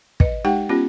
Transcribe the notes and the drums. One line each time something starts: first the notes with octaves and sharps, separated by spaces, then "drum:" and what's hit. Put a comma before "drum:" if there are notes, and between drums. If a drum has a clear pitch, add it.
B4 D#5, drum: kick
G#3 D#4 G4 F#5 G5
B3 C#4 F4 G4